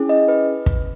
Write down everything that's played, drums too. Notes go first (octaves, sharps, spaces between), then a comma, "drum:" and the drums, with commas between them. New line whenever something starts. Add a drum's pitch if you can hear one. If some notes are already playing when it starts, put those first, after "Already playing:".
Already playing: C#4 E4 G#4
D#5
B4
drum: kick